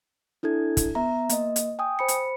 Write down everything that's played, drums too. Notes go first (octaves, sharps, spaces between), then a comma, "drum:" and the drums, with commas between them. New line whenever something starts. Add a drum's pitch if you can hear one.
D4 E4 A4 G#6
drum: kick, hi-hat
B3 E5 A#5
A#3 D#5, drum: hi-hat
drum: hi-hat
G5 G#5 D#6
C5 B5 C#7
drum: hi-hat